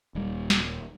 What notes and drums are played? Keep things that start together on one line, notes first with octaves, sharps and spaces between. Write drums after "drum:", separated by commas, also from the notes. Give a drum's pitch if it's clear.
D#1 G3
drum: snare